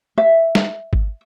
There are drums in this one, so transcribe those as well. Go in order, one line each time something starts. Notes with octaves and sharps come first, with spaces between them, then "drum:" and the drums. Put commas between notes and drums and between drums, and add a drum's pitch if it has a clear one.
E5
drum: snare
drum: kick G#1